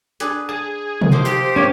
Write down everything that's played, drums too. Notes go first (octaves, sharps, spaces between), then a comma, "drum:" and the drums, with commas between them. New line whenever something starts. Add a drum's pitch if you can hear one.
D4 G#4 B4, drum: hi-hat
G#4 A5
drum: tom
F3 A#3 D#4 C5
G4
A#3 C#4 C#5 D6